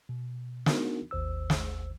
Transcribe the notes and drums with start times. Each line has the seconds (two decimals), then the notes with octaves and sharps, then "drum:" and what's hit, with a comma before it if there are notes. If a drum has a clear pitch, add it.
0.09 B2
0.66 B3 D4 D#4 F#4 A#4, drum: snare
1.11 G#1 D#2 C5 E6
1.50 drum: snare